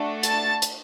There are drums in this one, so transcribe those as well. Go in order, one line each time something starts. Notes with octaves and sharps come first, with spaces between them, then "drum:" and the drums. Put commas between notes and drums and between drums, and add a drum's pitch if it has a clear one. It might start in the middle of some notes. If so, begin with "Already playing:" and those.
Already playing: A3 D4 F#4 A4
A5 A6, drum: hi-hat
drum: hi-hat